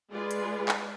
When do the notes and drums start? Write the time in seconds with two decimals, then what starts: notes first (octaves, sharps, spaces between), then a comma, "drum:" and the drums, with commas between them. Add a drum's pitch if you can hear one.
0.12 G#3 F4 G#4 B4 D5
0.31 drum: hi-hat
0.68 drum: clap